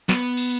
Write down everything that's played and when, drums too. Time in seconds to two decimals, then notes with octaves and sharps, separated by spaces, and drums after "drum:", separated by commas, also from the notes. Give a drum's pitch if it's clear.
0.09 B3, drum: snare
0.37 drum: cymbal